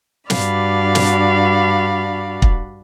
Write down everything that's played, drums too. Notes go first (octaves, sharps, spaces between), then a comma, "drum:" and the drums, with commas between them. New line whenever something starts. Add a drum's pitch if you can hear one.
G2 D4 F#4 D5 F5 B5, drum: snare
drum: snare
drum: kick